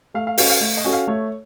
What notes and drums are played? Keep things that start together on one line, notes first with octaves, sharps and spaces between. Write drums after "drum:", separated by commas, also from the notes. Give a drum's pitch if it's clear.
A3 F5
F5
C#4 F#4 A4 F5, drum: open hi-hat
F5
A3 F5
D#5
C#4 F#4 A4
F5
A3 C#5